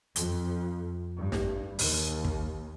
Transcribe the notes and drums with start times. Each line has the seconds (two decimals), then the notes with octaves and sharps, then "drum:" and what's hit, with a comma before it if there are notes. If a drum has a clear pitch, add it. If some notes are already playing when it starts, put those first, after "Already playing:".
0.16 F2, drum: hi-hat
1.17 G2
1.32 drum: snare
1.79 D#2, drum: open hi-hat
2.25 drum: kick